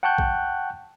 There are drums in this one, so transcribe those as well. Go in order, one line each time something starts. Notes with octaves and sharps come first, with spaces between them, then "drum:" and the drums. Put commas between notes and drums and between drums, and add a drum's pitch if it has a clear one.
F#5 G5 A5 C#6 F#6 G6
drum: kick A#1